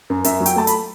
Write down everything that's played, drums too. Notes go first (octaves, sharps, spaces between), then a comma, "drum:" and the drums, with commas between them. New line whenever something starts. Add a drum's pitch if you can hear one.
F#2
F#2 E5, drum: hi-hat
F#3
G5, drum: hi-hat
A3 A5
B5, drum: hi-hat